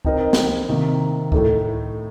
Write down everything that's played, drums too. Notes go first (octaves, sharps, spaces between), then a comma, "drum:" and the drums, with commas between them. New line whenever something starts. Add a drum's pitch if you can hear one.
C4 D#4 A#4 D#5, drum: kick C#2
drum: snare
C3 D#3 A#3
A2 A3 D#4, drum: kick C#2